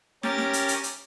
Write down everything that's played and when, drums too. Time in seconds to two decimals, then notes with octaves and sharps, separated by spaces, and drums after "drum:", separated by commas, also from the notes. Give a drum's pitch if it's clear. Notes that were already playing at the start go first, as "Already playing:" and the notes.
0.23 C#4 G4 A#4 A6, drum: snare
0.38 drum: snare
0.53 drum: hi-hat
0.68 drum: hi-hat
0.83 drum: hi-hat